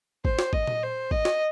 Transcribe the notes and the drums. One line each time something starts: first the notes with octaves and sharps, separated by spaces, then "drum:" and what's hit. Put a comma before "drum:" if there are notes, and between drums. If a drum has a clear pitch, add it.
C5, drum: kick
drum: snare
D#5, drum: kick
drum: tom A#2
C5
D#5, drum: kick
drum: snare